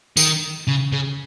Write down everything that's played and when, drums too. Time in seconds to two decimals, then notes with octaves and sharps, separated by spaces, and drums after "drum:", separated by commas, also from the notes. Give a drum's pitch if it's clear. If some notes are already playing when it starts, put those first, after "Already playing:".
0.17 D#3, drum: tambourine
0.68 C#3
0.93 C#3